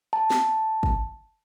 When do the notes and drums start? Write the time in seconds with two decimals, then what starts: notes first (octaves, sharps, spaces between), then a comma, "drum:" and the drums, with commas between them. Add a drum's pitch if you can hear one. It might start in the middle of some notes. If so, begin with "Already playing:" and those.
0.13 A5
0.30 drum: snare
0.83 drum: kick